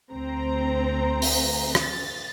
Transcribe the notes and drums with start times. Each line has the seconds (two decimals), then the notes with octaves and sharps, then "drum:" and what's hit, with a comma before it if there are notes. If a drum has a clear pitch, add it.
0.12 D2 C4 A#5
1.22 drum: open hi-hat
1.75 A6, drum: rim click